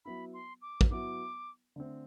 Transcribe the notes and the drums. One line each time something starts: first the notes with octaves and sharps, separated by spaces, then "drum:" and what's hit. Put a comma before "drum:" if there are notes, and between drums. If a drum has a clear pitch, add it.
F#3 B3 E4 B5
C6
D6
drum: kick
F#3 B3 E4 D6
D3 A3 C4